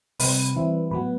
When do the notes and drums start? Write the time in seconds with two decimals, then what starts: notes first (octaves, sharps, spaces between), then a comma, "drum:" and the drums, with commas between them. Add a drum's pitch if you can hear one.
0.20 C3 G3 C4 B4, drum: open hi-hat
0.55 E3 G3 C4 E4
0.91 A2 F#3 B3 B4